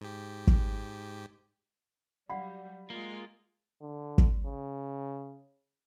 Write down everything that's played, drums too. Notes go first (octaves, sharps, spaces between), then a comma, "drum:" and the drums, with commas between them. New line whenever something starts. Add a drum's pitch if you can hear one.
G#2 G4
drum: kick
F#3 G3 D5 F5 F#5 B5
G#3 A#3 F4
D3
drum: kick
C#3